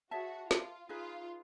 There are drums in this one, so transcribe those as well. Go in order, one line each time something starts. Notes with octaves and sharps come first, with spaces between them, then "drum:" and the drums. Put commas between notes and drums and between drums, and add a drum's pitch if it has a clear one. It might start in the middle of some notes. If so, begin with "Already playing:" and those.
F#4 G#4 C#5 E5 A5
F4, drum: snare
D#4 F4 G#4 B4